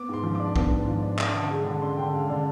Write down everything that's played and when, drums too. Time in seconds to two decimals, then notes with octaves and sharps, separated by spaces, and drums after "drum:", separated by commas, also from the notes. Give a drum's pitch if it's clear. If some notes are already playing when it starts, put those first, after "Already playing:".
Already playing: B3 D6
0.09 G#2 C6
0.23 F3
0.35 D4 D6
0.56 B3, drum: kick
0.71 G#2
0.87 F3
1.02 D4
1.19 D4, drum: clap
1.34 D3
1.51 G#3
1.66 D3
1.82 D4 C6
1.97 D3 G5
2.13 G#3 F5
2.30 D3 D5